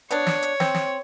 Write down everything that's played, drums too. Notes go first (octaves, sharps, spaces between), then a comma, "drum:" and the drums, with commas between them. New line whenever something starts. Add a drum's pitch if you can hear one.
B3 D4 C#5, drum: hi-hat
drum: snare
drum: hi-hat
C4, drum: snare
drum: snare